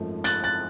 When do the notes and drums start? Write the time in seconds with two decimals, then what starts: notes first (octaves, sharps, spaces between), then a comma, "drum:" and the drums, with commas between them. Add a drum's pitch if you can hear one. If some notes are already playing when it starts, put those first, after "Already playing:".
Already playing: G#1 F#2 F3 A3
0.24 F#6 A6, drum: hi-hat
0.44 F#6 A6